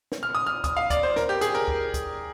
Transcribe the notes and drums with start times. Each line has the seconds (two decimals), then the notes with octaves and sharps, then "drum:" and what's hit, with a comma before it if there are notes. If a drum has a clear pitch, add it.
0.12 drum: snare
0.23 F6
0.35 D#6
0.46 F6
0.64 D#6, drum: kick, hi-hat
0.77 F5
0.90 D5, drum: kick, hi-hat
1.03 C5
1.16 A#4, drum: snare
1.29 G4
1.41 G#4, drum: hi-hat
1.55 A#4
1.68 drum: kick
1.94 drum: kick, hi-hat